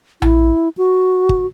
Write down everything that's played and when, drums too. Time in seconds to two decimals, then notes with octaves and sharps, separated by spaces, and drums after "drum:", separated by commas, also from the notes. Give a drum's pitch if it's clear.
0.22 E4, drum: tom A#1
0.77 F#4
1.29 drum: kick